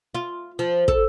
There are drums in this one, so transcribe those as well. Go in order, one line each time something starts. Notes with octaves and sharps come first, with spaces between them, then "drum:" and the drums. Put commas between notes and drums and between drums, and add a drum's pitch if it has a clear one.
F4
F3
A4, drum: kick